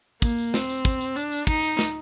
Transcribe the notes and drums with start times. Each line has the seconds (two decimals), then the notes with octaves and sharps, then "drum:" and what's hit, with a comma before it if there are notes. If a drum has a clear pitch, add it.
0.22 A#3, drum: kick, tambourine
0.38 drum: tambourine
0.54 C4, drum: snare
0.69 drum: tambourine
0.85 drum: kick, tambourine
1.01 drum: tambourine
1.16 D4, drum: tambourine
1.32 drum: tambourine
1.47 D#4, drum: kick, tambourine
1.63 drum: tambourine
1.79 drum: snare